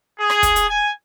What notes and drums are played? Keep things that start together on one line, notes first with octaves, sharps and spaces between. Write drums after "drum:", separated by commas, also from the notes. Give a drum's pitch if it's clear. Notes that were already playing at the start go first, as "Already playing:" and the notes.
G#4
drum: rim click
drum: kick, hi-hat
drum: hi-hat
G#5